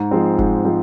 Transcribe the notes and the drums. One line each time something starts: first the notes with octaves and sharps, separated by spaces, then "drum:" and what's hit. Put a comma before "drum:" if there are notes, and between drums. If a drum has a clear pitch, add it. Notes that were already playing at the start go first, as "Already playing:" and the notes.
Already playing: G#2
F3 G#3 C4
G#2, drum: kick
F3 G#3 C4